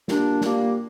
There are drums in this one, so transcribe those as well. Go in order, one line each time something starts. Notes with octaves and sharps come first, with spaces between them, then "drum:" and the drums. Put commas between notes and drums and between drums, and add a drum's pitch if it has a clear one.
A#2 G3 A#3 D4, drum: snare
A#2 G3 A#3, drum: snare